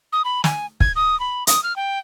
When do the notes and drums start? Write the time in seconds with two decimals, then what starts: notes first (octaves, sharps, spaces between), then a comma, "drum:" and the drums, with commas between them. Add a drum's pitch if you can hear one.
0.13 D#6
0.25 B5
0.44 G#5, drum: snare
0.80 G#6, drum: kick
0.96 D#6
1.20 B5
1.47 D#6, drum: hi-hat
1.63 F6
1.76 G5